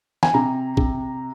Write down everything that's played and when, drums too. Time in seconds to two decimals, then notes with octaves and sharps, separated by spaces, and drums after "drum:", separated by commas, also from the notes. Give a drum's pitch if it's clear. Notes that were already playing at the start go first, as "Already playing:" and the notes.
0.23 G#5, drum: snare
0.34 C3 A#5
0.77 C3, drum: kick